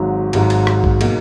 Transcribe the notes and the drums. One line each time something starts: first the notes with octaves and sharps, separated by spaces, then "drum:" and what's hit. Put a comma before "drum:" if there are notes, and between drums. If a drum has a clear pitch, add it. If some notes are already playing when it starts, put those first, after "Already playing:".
Already playing: G#1 G#2 F#3
G#1 G#2 F#3, drum: cymbal
drum: cymbal
drum: rim click
drum: kick
B2 F#3 A#3 D#4 G#4, drum: cymbal